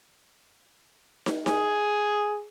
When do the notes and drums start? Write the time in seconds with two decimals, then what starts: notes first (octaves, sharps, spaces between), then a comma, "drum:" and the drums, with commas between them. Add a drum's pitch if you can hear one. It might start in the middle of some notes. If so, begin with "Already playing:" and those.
1.26 drum: snare
1.46 G#4, drum: snare